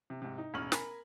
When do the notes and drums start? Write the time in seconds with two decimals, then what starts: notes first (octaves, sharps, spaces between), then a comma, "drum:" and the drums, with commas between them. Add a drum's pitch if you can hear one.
0.10 C3
0.22 G#2 C3
0.38 D#4
0.54 E1 A1 C#4 F6 F#7
0.72 A#4 G#5 B5, drum: snare